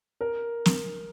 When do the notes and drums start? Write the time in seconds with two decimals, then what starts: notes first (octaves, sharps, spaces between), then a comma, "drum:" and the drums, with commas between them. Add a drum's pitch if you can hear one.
0.21 A#4
0.66 drum: snare